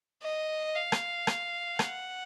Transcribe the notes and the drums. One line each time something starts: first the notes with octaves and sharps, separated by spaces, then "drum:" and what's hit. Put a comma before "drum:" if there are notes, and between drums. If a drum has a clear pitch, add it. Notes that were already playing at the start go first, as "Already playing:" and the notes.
D#5
F5
drum: rim click
drum: rim click
F#5, drum: rim click